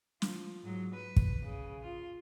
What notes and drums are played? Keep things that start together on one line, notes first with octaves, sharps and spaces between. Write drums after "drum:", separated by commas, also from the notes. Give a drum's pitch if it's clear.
F3, drum: snare
G#2 F#3
B4
drum: kick
C#3
F4